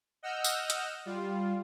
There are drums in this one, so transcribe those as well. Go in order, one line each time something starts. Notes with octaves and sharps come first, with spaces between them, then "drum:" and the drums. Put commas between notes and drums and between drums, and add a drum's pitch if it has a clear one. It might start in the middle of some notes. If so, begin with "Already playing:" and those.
D#5 F#5 E6 F6 G6
drum: tambourine
drum: hi-hat
G3 F4